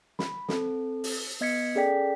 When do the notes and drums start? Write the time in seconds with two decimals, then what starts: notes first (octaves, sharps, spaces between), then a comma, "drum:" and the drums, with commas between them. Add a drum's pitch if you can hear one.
0.19 B5, drum: snare
0.49 C4 A4, drum: snare
1.04 drum: open hi-hat
1.41 B3 D#5 G#6 B6 C#7
1.75 C#4 G#4 A4 D5 G5 B6